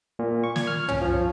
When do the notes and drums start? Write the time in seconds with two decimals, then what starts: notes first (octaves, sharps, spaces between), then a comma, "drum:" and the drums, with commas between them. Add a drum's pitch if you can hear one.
0.19 A#2
0.44 C#6
0.56 G#6, drum: snare
0.67 F6
0.89 C#4, drum: tom
1.01 F3